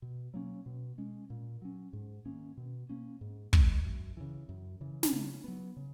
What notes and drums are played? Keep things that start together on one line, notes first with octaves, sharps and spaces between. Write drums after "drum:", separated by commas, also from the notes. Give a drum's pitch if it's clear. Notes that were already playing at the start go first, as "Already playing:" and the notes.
B2
F#3 A#3 C#4
B2
G#3 C#4
A#2
F#3 C#4
G#2
D#3 A#3 C#4
B2
A#3 C#4
G#2
D#3 G#3, drum: kick
F#2
C#3 E3
F#2
C#3 E3
drum: snare
C#3
F#3 B3
C#3